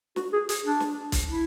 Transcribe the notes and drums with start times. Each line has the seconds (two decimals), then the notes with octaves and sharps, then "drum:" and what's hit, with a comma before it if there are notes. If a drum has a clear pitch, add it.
0.16 F#4, drum: snare
0.33 G#4
0.49 G#4, drum: hi-hat
0.65 D4
0.80 drum: snare
1.12 drum: kick B1, hi-hat
1.28 E4